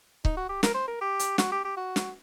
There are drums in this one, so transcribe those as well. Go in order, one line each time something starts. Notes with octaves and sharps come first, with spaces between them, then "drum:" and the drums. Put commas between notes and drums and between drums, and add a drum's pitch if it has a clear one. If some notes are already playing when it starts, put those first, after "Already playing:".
D#4, drum: kick C#1
F#4
G4
A#4, drum: snare
C5
A#4
G4
drum: hi-hat
F#4, drum: snare
G4
G4
F#4
drum: snare